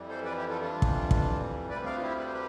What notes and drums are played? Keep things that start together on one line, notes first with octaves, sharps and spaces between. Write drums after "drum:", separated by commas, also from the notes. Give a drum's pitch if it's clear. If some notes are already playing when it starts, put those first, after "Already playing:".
Already playing: F2 E3 G3
A4 C5
B4 D5
E4 G4
F4 A4
D4 F4
F2 E3 G3
drum: kick
drum: kick
D2 C3 G3 B4 D5
D5 F5
F4
E4 G4
B4
C5
G4 B4